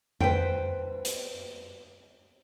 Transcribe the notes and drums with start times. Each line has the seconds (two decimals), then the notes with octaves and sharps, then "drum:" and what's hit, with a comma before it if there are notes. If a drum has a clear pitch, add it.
0.21 B4 C5 G5, drum: tom F2
1.05 drum: hi-hat